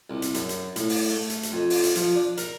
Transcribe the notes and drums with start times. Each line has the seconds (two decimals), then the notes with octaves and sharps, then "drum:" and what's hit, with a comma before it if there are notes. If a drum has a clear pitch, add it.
0.10 C2
0.22 drum: hi-hat
0.34 F#2, drum: hi-hat
0.49 drum: hi-hat
0.76 A2, drum: hi-hat
0.89 drum: open hi-hat
1.10 A3
1.30 drum: hi-hat
1.43 drum: hi-hat
1.52 F2
1.70 drum: open hi-hat
1.84 drum: hi-hat
1.95 F3, drum: hi-hat
2.15 D4
2.37 A#4, drum: hi-hat